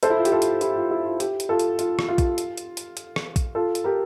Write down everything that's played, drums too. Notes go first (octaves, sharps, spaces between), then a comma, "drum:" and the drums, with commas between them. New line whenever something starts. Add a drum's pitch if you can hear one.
A4 C5, drum: hi-hat
E4
F4
G4, drum: hi-hat
F4 A4
drum: hi-hat
E4 G4, drum: hi-hat
F4
E4
F4
E4 G4, drum: hi-hat
drum: hi-hat
F4 A4
drum: hi-hat
F4, drum: hi-hat
drum: rim click
F4
drum: kick A#1, hi-hat
drum: hi-hat
drum: hi-hat
drum: hi-hat
drum: hi-hat
drum: rim click
drum: kick A#1, hi-hat
F4 A4
drum: hi-hat
G4 A#4